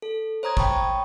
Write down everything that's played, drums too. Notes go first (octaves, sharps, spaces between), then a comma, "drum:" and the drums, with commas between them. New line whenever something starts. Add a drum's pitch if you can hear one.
A4
C5 C#5 A#5 D#6 G#6
G5 A5 B5 C#6 D#6, drum: kick G#1